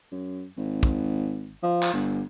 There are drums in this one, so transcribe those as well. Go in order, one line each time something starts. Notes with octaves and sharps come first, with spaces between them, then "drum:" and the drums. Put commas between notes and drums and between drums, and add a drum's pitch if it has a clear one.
F#2
G#1
drum: kick
F3
drum: clap
G1